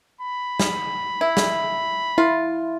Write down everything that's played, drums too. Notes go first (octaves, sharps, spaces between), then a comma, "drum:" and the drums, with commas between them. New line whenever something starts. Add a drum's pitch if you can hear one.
B5
drum: snare
E4
drum: snare
E4 F4